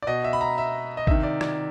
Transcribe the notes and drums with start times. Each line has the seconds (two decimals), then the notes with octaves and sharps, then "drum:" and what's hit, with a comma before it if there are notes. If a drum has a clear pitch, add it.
0.02 D5
0.07 B2 D#5
0.24 E5
0.33 B5
0.41 A#5
0.58 E5
0.97 D#5
1.07 C3 D#3 E5, drum: kick
1.23 D5
1.41 D5, drum: rim click